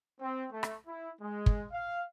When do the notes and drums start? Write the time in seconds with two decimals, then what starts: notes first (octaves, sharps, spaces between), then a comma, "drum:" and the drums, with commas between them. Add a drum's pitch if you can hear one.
0.21 C4
0.52 A3
0.63 drum: rim click
0.87 E4
1.21 G#3
1.46 drum: kick
1.72 F5